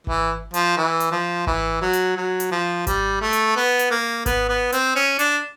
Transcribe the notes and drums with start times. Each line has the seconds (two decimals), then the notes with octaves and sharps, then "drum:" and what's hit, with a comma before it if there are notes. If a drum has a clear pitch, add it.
0.07 E3, drum: kick G#1
0.54 F3, drum: hi-hat
0.77 E3
1.00 drum: hi-hat
1.12 F3
1.47 E3, drum: kick G#1
1.82 F#3
1.93 drum: hi-hat
2.16 F#3
2.40 drum: hi-hat
2.51 F3
2.87 G3, drum: kick G#1, hi-hat
3.21 A3
3.33 drum: hi-hat
3.56 B3
3.79 drum: hi-hat
3.91 A#3
4.26 B3, drum: kick G#1, hi-hat
4.49 B3
4.72 C4, drum: hi-hat
4.96 C#4
5.19 D4, drum: hi-hat